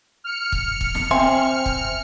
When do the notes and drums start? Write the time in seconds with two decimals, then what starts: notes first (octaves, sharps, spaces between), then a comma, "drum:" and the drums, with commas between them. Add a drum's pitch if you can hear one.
0.24 F6 C#7
0.52 drum: kick
0.81 drum: kick
0.95 drum: snare
1.11 C4 E5 G#5 C6
1.66 drum: kick